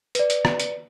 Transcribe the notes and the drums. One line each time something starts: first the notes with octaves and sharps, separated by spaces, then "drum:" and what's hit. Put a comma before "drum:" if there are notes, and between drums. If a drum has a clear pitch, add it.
B4 D5, drum: hi-hat
drum: hi-hat
drum: rim click
drum: hi-hat